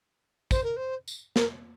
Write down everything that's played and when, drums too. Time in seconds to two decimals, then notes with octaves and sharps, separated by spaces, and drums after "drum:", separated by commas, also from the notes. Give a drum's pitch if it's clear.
0.51 C5, drum: kick, tambourine
0.63 A#4
0.76 C5
1.08 drum: tambourine
1.36 A#4, drum: snare